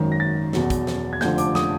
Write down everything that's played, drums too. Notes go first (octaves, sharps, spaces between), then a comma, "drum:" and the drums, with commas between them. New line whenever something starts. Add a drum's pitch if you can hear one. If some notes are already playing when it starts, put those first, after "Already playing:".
Already playing: G#1 F#2 D#3
A#6
A6
E2 B2 F#3, drum: snare
drum: kick, hi-hat
drum: snare
G#6
F1 F2 D3 F3 G6, drum: snare
D6, drum: hi-hat
D#6, drum: snare